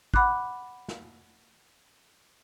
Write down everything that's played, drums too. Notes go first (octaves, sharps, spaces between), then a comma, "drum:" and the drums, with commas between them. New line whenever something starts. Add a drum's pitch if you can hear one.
F#5 B5 D6 F#6, drum: kick
drum: snare